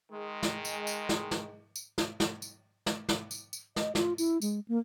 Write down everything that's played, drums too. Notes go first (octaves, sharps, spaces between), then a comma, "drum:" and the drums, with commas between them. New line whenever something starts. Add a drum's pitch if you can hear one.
D#3 G#3
drum: snare
drum: tambourine
drum: tambourine
drum: snare
drum: snare
drum: tambourine
drum: snare
drum: snare
drum: tambourine
drum: snare
drum: snare
drum: tambourine
drum: tambourine
D#5, drum: snare
F4, drum: snare
E4, drum: tambourine
G#3, drum: tambourine
A#3